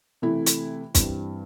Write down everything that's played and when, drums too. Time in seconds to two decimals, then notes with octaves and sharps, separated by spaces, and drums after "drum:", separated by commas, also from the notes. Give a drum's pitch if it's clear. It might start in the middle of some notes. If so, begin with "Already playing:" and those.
0.22 C3 E3 A3 E4
0.46 drum: hi-hat
0.95 G2 E3 G3 C4, drum: kick, hi-hat